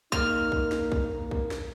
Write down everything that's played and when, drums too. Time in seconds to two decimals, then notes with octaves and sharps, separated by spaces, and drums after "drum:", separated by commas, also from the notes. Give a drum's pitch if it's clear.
0.12 A#3 D#4 A#4 F6, drum: kick B1
0.52 drum: kick B1
0.72 drum: snare
0.92 drum: kick B1
1.31 drum: kick B1
1.51 drum: snare